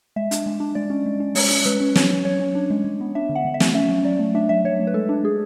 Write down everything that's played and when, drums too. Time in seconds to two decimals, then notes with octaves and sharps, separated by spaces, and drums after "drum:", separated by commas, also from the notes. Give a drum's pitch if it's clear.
0.16 G#3 E5
0.31 D4, drum: hi-hat
0.46 G#3
0.60 D4
0.75 G#3 D5
0.90 C#4
1.06 G#3
1.20 C#4
1.35 G#3 C#5, drum: open hi-hat
1.51 C#4
1.66 G#3 B4
1.80 C#4
1.95 F#3 C#5, drum: snare
2.11 C#4
2.25 F#3 C#5
2.40 C#4
2.55 D4
2.70 G#3
2.84 G#3
3.01 B3
3.15 D4 E5
3.29 D3
3.35 F#5
3.45 D3
3.54 E5
3.60 A3, drum: snare
3.74 C#4 E5
3.89 F#3
4.05 F#3 D5
4.19 A3
4.35 D4 E5
4.49 F#3 E5
4.64 F#3 C#5
4.79 A3
4.87 B4
4.94 G#3 A4
5.09 D4
5.24 G#3 G#4